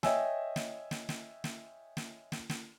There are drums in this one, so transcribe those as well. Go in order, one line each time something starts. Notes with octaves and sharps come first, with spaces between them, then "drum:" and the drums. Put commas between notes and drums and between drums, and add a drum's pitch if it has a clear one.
C#5 D#5 E5 G5 G#5 E6, drum: snare
drum: snare
drum: snare
drum: snare
drum: snare
drum: snare
drum: snare
drum: snare